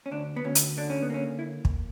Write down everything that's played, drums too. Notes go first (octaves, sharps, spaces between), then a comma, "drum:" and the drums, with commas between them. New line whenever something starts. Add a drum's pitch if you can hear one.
C#4
D2 D4
B3
D2 C#4
drum: hi-hat
D3 D4
C#4
B3
A#3 C#4
E4
drum: kick